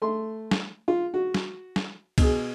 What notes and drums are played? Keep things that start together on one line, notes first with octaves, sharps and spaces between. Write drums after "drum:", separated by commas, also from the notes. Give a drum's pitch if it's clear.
A3 C6
drum: snare
F4
F#4
drum: snare
drum: snare
B2 G#4, drum: kick, cymbal